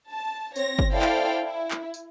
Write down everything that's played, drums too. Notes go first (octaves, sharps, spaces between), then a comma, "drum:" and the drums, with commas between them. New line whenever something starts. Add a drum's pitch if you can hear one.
A5
C4 C#5 A#6, drum: tambourine
drum: kick
E4 A4 C5 D5 F5 G5
drum: clap
E4
drum: clap
drum: tambourine